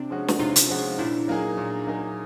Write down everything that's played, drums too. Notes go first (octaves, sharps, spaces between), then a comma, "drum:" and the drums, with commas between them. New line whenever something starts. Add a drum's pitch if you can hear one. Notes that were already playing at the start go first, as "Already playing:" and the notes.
Already playing: C3 C4 D4
F3 G#3 C#4 F#4
drum: snare
C3 D#4 F4
drum: hi-hat
F3 G#3 C#4 F#4
A#2 D4 E4
F#3 A#3 D#4 G#4
A#2
F#3 A#3 D#4 G#4